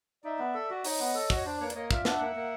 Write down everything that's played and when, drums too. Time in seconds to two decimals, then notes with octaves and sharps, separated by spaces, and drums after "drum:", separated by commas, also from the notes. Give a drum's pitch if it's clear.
0.24 D#4 D5 E5
0.39 B3
0.54 A4
0.70 F#4
0.84 D#4 C#5 D#5, drum: open hi-hat
1.00 B3
1.15 A4
1.30 F#4 C#5, drum: kick
1.45 D4 C5 D5
1.60 A#3 B4 C#5
1.70 D5, drum: hi-hat
1.75 A#3 C#5 D#5
1.91 F4 D5 E5, drum: kick
2.05 D4 E5 F#5, drum: snare
2.20 A#3
2.36 A#3